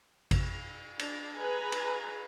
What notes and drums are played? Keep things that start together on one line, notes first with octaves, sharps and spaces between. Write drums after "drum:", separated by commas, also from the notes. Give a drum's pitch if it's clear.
drum: kick, cymbal
D4, drum: cymbal
G#4 B4 G#5 A#5
drum: cymbal